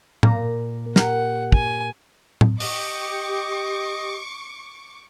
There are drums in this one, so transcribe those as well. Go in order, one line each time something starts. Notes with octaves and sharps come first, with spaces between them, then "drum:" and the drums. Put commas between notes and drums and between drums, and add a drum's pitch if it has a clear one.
A#2 A#3 A#5, drum: tom A2
G4 A#4 F#5, drum: snare
G#5, drum: kick
drum: tom A2
G4 D#5 C#6 D6, drum: open hi-hat